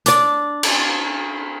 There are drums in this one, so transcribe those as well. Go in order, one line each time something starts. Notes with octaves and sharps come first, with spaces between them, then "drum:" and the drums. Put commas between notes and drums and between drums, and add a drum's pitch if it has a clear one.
D4 D5, drum: hi-hat
drum: cymbal